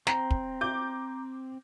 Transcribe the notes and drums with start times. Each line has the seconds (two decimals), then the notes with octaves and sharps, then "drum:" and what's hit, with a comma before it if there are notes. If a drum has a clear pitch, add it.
0.07 C4 A#5, drum: snare
0.31 drum: kick
0.61 D6 G6